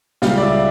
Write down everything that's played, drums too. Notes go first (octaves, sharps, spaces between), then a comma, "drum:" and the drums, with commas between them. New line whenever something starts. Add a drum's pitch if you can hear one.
C#2 C#3 G3 F5, drum: snare
D5
E5